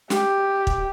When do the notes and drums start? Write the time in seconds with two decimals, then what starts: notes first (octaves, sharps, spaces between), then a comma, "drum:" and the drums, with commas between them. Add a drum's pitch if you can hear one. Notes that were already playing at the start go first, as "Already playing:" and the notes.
0.10 G4, drum: snare
0.67 drum: kick